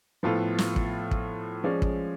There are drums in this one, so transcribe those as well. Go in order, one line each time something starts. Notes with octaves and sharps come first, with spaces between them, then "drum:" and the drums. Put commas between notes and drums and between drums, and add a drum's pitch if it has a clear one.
A2 F3 B3 F4 A4
drum: snare
drum: kick
drum: kick
F3 G#3 C#4 G#4 D5
drum: kick